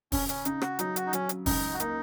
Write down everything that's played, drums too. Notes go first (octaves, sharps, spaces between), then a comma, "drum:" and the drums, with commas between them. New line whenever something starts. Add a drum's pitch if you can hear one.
C#3 C#4, drum: kick, open hi-hat
C#4, drum: hi-hat
C#3 D#4, drum: hi-hat
F#4, drum: rim click
F#3 D#4, drum: hi-hat
F#4, drum: hi-hat
D#4
F#3 C#4, drum: hi-hat
drum: hi-hat
C#2 D#4, drum: kick, open hi-hat
F#4
A#3 D#4, drum: hi-hat